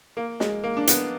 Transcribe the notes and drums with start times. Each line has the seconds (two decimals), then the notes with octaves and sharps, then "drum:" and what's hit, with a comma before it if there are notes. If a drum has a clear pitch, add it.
0.17 A#3
0.40 G#3, drum: snare
0.64 A#3
0.77 D4
0.87 B3, drum: hi-hat